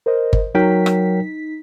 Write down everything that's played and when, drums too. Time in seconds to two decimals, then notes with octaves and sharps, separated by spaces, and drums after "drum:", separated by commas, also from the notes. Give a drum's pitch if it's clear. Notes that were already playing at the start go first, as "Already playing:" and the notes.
0.06 A#4 C5 D#5
0.33 drum: kick G1
0.55 F#3 D#4 A#4 G5 B6
0.86 drum: rim click